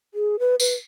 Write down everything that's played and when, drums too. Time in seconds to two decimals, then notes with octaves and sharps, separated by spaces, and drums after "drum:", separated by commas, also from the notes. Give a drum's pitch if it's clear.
0.14 G#4
0.39 B4
0.60 B4, drum: tambourine